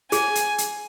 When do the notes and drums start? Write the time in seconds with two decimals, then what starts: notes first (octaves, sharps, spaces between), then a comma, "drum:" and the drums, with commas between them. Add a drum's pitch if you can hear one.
0.12 G#4 G#5, drum: hi-hat
0.35 drum: hi-hat
0.58 drum: hi-hat